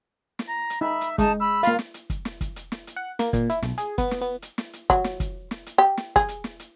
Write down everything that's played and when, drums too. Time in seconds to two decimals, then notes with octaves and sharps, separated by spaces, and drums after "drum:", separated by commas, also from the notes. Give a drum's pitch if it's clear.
0.39 drum: snare
0.49 A#5
0.70 drum: hi-hat
0.81 D#4 E5 B5
1.01 drum: hi-hat
1.18 G#3 D#4 A5, drum: kick, hi-hat
1.40 B5 E6
1.63 A#3 F4 F5, drum: hi-hat
1.79 drum: snare
1.94 drum: hi-hat
2.10 drum: kick, hi-hat
2.25 drum: snare
2.41 drum: kick, hi-hat
2.56 drum: hi-hat
2.72 drum: snare
2.87 drum: hi-hat
2.96 F#5
3.19 A#3, drum: snare
3.33 A#2, drum: kick, hi-hat
3.50 E4, drum: hi-hat
3.63 B1, drum: snare
3.78 G#4, drum: hi-hat
3.98 B3, drum: kick, hi-hat
4.11 drum: snare
4.21 B3
4.42 drum: hi-hat
4.58 drum: snare
4.73 drum: hi-hat
4.90 F#3, drum: kick, hi-hat
5.04 drum: snare
5.20 drum: kick, hi-hat
5.51 drum: snare
5.66 drum: hi-hat
5.78 G4
5.97 drum: snare
6.16 G#4, drum: kick, hi-hat
6.29 drum: hi-hat
6.44 drum: snare
6.60 drum: hi-hat